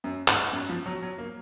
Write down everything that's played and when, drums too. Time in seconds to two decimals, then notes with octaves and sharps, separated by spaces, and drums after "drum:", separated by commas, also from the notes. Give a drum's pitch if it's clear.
0.04 F#2
0.28 G#2, drum: clap
0.53 F#2
0.69 F3
0.86 F#3
1.02 F#3
1.18 A#3